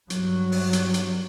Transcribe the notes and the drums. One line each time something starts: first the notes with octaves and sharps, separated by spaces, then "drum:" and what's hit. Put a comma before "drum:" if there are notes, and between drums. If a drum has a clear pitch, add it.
G2 F#3, drum: hi-hat
drum: open hi-hat
drum: hi-hat
drum: hi-hat